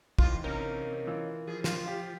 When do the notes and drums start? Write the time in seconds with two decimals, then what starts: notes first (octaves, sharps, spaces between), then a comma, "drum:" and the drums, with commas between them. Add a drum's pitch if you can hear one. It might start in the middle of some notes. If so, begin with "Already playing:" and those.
0.19 F2 D#3 E3 F4, drum: kick
0.44 C3 A#3 C#4 D#4 A#4
1.07 E3 F4 E6
1.47 F3 G#4
1.64 F4 G4 D#7 E7, drum: snare
1.86 G4 F5